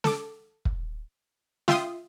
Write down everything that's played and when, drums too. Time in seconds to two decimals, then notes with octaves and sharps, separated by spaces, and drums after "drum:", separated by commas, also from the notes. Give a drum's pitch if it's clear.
0.04 A4 D6, drum: snare
0.65 drum: kick
1.68 F4 E5 G5 C6 D#6, drum: snare